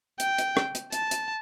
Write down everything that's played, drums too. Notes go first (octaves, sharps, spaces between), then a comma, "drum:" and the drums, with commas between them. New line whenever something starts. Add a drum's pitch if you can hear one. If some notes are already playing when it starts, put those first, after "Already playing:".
G5, drum: hi-hat
drum: hi-hat
drum: rim click
drum: hi-hat
A5, drum: hi-hat
drum: hi-hat